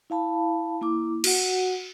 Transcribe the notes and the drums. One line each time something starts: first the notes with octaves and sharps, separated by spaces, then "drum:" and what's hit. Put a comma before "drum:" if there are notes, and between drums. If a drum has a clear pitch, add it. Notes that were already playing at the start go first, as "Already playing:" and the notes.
E4 F5 A5 B5
A#3 E4 D6
F#4 F#5, drum: cymbal